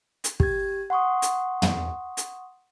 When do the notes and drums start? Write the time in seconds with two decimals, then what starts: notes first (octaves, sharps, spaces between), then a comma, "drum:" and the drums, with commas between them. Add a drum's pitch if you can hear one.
0.24 drum: hi-hat
0.40 G4 G#6, drum: kick
0.90 F#5 C6 C#6 D#6
1.22 drum: hi-hat
1.62 drum: tom
2.17 drum: hi-hat